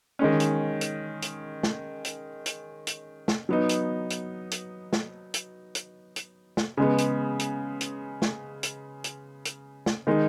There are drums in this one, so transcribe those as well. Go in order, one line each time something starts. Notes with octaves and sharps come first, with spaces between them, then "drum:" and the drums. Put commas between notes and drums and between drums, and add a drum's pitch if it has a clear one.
D#3 G#3 C#4
drum: hi-hat
drum: hi-hat
drum: hi-hat
drum: snare
drum: hi-hat
drum: hi-hat
drum: hi-hat
drum: snare
F#3 B3 D#4
drum: hi-hat
drum: hi-hat
drum: hi-hat
drum: snare
drum: hi-hat
drum: hi-hat
drum: hi-hat
drum: snare
C#3 G#3 B3
drum: hi-hat
drum: hi-hat
drum: hi-hat
drum: snare
drum: hi-hat
drum: hi-hat
drum: hi-hat
drum: snare
D#3 G#3 D#4